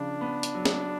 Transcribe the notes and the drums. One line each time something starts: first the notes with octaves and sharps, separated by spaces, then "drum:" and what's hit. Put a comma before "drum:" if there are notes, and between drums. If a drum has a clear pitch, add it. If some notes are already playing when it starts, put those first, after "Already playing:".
Already playing: C#3 F3 D4
B3
drum: hi-hat
F#3
drum: snare